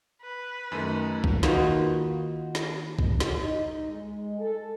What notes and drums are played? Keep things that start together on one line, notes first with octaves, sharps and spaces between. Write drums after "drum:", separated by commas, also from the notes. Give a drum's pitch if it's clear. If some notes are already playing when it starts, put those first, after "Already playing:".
B4
F#2 D#3 A3
drum: kick B1
D#3 A#3 D#4 F4 F#4 B4, drum: snare
drum: snare
drum: kick B1
drum: snare
D#4
G#3
A4